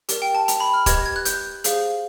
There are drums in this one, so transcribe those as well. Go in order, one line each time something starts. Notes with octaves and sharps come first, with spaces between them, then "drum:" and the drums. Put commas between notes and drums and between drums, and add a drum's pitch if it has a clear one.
G4 A#4 D5, drum: hi-hat
G5
A5
A#5, drum: hi-hat
B5
F6
G4 B4 D#5 G#6, drum: kick, hi-hat
G#6
F#6
G6, drum: hi-hat
G#4 C5 F5, drum: hi-hat